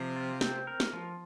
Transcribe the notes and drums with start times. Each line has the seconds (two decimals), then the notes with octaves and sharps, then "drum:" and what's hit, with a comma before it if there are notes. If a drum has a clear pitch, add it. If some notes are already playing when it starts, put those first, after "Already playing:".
Already playing: C3 F3
0.16 F4
0.41 C4, drum: snare
0.67 A#4
0.80 drum: snare
0.93 F3